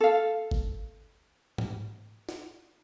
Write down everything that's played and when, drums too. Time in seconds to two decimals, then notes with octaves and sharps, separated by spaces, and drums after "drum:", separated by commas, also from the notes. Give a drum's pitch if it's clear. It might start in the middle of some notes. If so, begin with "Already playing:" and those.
0.01 A4 F5
0.51 drum: kick G1
1.58 drum: tom G#2
2.29 drum: snare